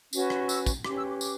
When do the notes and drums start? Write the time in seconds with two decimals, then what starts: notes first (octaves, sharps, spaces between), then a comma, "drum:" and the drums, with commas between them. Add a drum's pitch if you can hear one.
0.13 C#4 F#4 B4, drum: tambourine
0.30 drum: rim click
0.49 E6, drum: tambourine
0.66 drum: kick, tambourine
0.84 C#4 G4 B4 D6, drum: rim click
0.97 E6
1.09 D6
1.21 D6, drum: tambourine